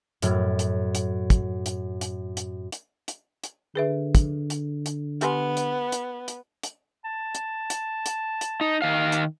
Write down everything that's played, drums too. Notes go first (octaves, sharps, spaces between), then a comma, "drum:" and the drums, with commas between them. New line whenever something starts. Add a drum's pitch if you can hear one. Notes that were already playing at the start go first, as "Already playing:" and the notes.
F#2 A2 F#3 F6, drum: hi-hat
drum: hi-hat
drum: hi-hat
drum: kick, hi-hat
drum: hi-hat
drum: hi-hat
drum: hi-hat
drum: hi-hat
drum: hi-hat
drum: hi-hat
D3 G#4 B4 E5
drum: kick, hi-hat
drum: hi-hat
drum: hi-hat
B3 G4 G#5 C6, drum: hi-hat
drum: hi-hat
drum: hi-hat
drum: hi-hat
drum: hi-hat
A5
drum: hi-hat
drum: hi-hat
drum: hi-hat
drum: hi-hat
D#4
D#3 F5
drum: hi-hat